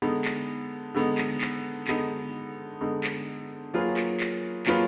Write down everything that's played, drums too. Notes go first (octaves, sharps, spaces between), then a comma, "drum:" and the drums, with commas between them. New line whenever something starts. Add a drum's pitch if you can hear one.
D3 G#3 B3 D#4
drum: clap
D3 G#3 B3 D#4
drum: clap
drum: clap
D3 G#3 B3 D#4, drum: clap
D3 G#3 B3 D#4
drum: clap
F#3 A#3 F4 G#4 B4
drum: clap
drum: clap
F#3 A#3 F4 G#4 B4, drum: clap